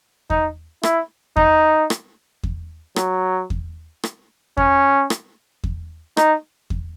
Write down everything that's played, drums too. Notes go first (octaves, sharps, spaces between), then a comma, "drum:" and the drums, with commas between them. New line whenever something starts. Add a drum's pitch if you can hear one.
D#4, drum: kick E2
E4, drum: rim click
D#4, drum: kick E2
drum: rim click
drum: kick E2
F#3, drum: rim click
drum: kick E2
drum: rim click
C#4, drum: kick E2
drum: rim click
drum: kick E2
D#4, drum: rim click
drum: kick E2